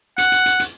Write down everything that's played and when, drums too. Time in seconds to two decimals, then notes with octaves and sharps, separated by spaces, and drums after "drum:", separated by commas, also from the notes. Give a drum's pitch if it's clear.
0.18 F#5, drum: hi-hat
0.32 drum: hi-hat
0.46 drum: hi-hat
0.60 drum: hi-hat